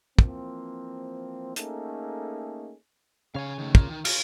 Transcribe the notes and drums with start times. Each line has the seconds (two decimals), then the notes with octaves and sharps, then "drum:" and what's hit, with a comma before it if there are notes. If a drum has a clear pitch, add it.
0.19 E3 F3 A#3 C4, drum: kick
1.56 A3 A#3 C#4 D#4 G#4 A4, drum: hi-hat
3.35 C#3 C#5 F5 G#5
3.59 D#3 A3
3.75 F4 A#4, drum: kick
3.89 D#3
4.05 C#5 F5 F6, drum: cymbal